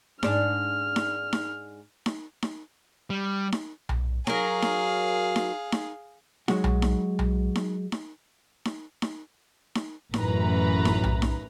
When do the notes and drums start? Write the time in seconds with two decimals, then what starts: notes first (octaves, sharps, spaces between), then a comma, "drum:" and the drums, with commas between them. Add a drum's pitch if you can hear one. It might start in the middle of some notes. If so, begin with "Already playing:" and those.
0.23 G#2 D4 F6, drum: snare D#4
0.96 drum: snare D#4
1.33 drum: snare D#4
2.06 drum: snare D#4
2.42 drum: snare D#4
3.10 G3
3.52 drum: snare D#4
3.89 drum: tom B1
4.27 F#3 G#4 A#4 F5, drum: snare D#4
4.62 drum: snare D#4
5.36 drum: snare D#4
5.72 drum: snare D#4
6.48 F#3 G#3 F#4, drum: snare D#4
6.64 drum: tom B1
6.82 drum: snare D#4
7.19 drum: tom B1
7.55 drum: snare D#4
7.92 drum: snare D#4
8.65 drum: snare D#4
9.02 drum: snare D#4
9.75 drum: snare D#4
10.14 A1 F#2 E3 B4 A#5, drum: snare D#4
10.85 drum: snare D#4
11.04 drum: tom B1
11.22 drum: snare D#4